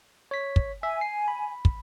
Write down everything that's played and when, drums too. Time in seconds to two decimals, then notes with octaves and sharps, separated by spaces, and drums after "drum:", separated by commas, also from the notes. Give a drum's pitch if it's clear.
0.31 C#5 B6
0.56 drum: kick
0.83 E5 G#5
1.01 C7
1.28 B5
1.65 drum: kick